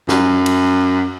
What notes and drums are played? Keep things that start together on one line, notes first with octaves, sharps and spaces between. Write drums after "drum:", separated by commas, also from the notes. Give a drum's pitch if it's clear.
F#2, drum: snare
drum: cymbal